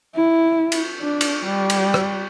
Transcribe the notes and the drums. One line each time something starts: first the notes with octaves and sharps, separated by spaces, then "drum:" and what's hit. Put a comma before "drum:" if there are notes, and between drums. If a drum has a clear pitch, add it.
E4
drum: cymbal
D4
drum: cymbal
G3
drum: cymbal
drum: rim click